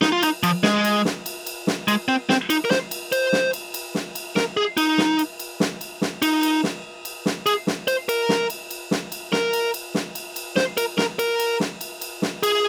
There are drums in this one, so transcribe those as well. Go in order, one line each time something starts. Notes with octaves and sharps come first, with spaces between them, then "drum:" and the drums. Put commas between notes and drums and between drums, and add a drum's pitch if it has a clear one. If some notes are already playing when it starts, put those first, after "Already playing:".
D#4, drum: snare
F4
D#4, drum: cymbal
F3, drum: cymbal
G#3, drum: snare
drum: cymbal
drum: snare
drum: cymbal
drum: cymbal
drum: snare
G#3, drum: cymbal
C4
C4, drum: snare
D#4, drum: cymbal
A#4
C5, drum: snare
drum: cymbal
C5, drum: cymbal
drum: snare
drum: cymbal
drum: cymbal
drum: snare
drum: cymbal
A#4, drum: snare
G#4
D#4, drum: cymbal
drum: snare
drum: cymbal
drum: cymbal
drum: snare
drum: cymbal
drum: snare
D#4, drum: cymbal
drum: cymbal
drum: snare
drum: cymbal
drum: snare
G#4, drum: cymbal
drum: snare
C5, drum: cymbal
A#4, drum: cymbal
drum: snare
drum: cymbal
drum: cymbal
drum: snare
drum: cymbal
A#4, drum: snare
drum: cymbal
drum: cymbal
drum: snare
drum: cymbal
drum: cymbal
C5, drum: snare
A#4, drum: cymbal
A#4, drum: snare
A#4, drum: cymbal
drum: cymbal
drum: snare
drum: cymbal
drum: cymbal
drum: snare
G#4, drum: cymbal